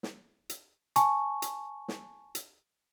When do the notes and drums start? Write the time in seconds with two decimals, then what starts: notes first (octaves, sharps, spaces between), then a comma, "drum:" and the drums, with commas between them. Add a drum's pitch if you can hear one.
0.03 drum: snare
0.49 drum: hi-hat
0.96 G#5 A5 C#6, drum: hi-hat
1.42 drum: hi-hat
1.88 drum: snare
2.35 drum: hi-hat